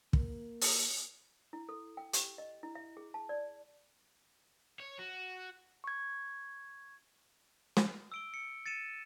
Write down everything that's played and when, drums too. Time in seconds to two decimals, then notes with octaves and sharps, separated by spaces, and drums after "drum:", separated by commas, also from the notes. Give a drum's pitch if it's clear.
0.13 A#3, drum: kick
0.61 drum: open hi-hat
1.53 E4
1.69 A4
1.97 G5
2.13 G4, drum: hi-hat
2.38 D#5
2.63 E4
2.75 E5
2.97 G#4
3.14 A5
3.29 D5
4.80 C#5
4.99 F#4
5.84 C#6 G#6
7.77 drum: snare
8.12 E6 D7 G7
8.34 C#7
8.66 A6 C#7 D#7 E7